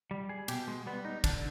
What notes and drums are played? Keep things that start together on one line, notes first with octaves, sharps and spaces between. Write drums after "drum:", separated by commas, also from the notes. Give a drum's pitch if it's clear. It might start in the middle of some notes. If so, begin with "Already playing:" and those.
G3
G#4
B2 G4, drum: cymbal
G#3
G3 B3
D#4
D3 D4, drum: kick, cymbal